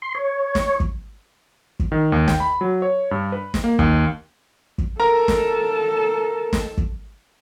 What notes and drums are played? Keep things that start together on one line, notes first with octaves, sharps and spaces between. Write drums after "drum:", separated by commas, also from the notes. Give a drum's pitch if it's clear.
C6
C#5
drum: snare
drum: kick
drum: kick
D#3
D#2
G5, drum: snare
B5
F#3
C#5
G2
B4
drum: snare
A#3
D#2, drum: kick
drum: kick
A4 A#4 A5 A#5
drum: snare
drum: snare
drum: kick